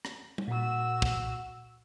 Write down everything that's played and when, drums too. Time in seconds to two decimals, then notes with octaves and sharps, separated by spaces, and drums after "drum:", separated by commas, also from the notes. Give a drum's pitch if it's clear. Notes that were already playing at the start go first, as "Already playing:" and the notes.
0.05 drum: rim click
0.38 drum: tom G3
0.48 A#2 F#4 E6
1.02 drum: kick